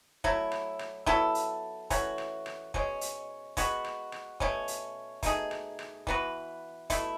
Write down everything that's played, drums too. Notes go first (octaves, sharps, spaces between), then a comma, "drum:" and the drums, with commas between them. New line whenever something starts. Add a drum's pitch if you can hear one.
F#3 A3 E4, drum: kick
drum: rim click
drum: rim click
F#3 B3 E4 A4, drum: kick
drum: hi-hat
E3 A3 C#4 F#4, drum: kick, hi-hat
drum: rim click
drum: rim click
B2 G#3 C#4, drum: kick
drum: hi-hat
G#3 B3 F#4, drum: kick, hi-hat
drum: rim click
drum: rim click
B2 A3 C#4, drum: kick
drum: hi-hat
B2 A3 D#4 G#4, drum: kick, hi-hat
drum: rim click
drum: rim click
E3 B3 F#4 B4, drum: kick
B2 A3 E4, drum: kick, hi-hat